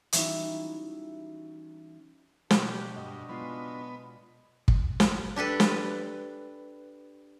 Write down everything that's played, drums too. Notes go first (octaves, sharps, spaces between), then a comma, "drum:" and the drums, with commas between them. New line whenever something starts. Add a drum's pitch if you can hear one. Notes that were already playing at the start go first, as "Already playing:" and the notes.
E3 G3 C#4 D#4 E4 F#4, drum: hi-hat
B2 D4 F#4 G4, drum: snare
G2 D#5
G#3 B3 F4
drum: kick
drum: snare
D4 G4 A4 B4
drum: snare